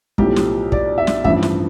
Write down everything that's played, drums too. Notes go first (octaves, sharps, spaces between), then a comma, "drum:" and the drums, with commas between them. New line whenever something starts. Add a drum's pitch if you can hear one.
B1 A2 F3 G4, drum: kick
drum: snare
D5, drum: kick
E5
drum: snare
A1 G2 F3 E5, drum: kick
drum: snare